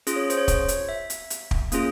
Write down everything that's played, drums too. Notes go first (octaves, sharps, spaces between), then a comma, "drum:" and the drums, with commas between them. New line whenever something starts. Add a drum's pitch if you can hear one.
C#4 F4 G#4, drum: hi-hat
C#5
C5, drum: hi-hat
C#5
C#5, drum: kick, hi-hat
drum: hi-hat
E5
drum: hi-hat
drum: hi-hat
drum: kick
A#3 C#4 F4 G#4, drum: hi-hat